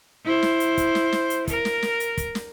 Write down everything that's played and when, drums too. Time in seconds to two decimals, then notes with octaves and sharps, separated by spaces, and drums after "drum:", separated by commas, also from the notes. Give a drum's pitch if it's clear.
0.25 E4 C5
0.42 drum: snare
0.60 drum: hi-hat
0.77 drum: kick, hi-hat
0.95 drum: snare
1.12 drum: snare
1.30 drum: hi-hat
1.47 A#4, drum: kick, hi-hat
1.65 drum: snare
1.82 drum: snare
2.00 drum: hi-hat
2.17 drum: kick, hi-hat
2.35 drum: snare